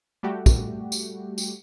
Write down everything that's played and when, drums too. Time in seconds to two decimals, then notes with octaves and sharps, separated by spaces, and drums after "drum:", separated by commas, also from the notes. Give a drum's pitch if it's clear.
0.23 G3 A3 F#4 G4
0.46 drum: kick, tambourine
0.92 drum: tambourine
1.38 drum: tambourine